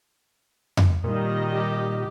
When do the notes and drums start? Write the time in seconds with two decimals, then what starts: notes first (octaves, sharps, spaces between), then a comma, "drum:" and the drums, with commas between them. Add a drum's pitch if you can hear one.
0.77 drum: tom F2
1.04 A#2 D#3 G3 D#5
1.53 G4